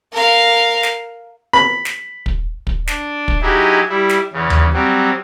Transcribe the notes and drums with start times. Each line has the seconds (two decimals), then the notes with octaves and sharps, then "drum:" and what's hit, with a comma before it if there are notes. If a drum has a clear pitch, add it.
0.12 A#4 F5
0.83 drum: snare
1.53 B5
1.85 drum: snare
2.26 drum: kick
2.67 drum: kick
2.87 D4, drum: snare
3.28 drum: kick
3.42 F#3 D#4 E4 G4 G#4
3.89 G3 E4
4.09 drum: snare
4.33 E2 C#3
4.50 drum: tom D#2
4.73 F#3 G3 C4